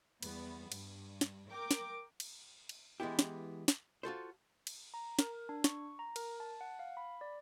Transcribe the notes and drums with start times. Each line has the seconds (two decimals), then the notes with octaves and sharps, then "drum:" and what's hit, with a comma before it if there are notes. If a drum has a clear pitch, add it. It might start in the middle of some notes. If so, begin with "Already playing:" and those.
0.23 E2 G3 B3, drum: cymbal
0.72 G2, drum: cymbal
1.21 drum: snare
1.49 A#4 G5 D6
1.71 drum: snare
2.20 drum: cymbal
2.69 drum: cymbal
3.00 E3 G#3 B3 E4 G4
3.19 drum: snare
3.68 drum: snare
4.03 F4 F#4 A4 C5
4.67 drum: cymbal
4.94 A#5
5.19 A#4, drum: snare
5.49 D4
5.64 C#6, drum: snare
5.99 A#5
6.16 A#4, drum: cymbal
6.40 A5
6.61 F#5
6.79 F5
6.97 B5
7.21 D5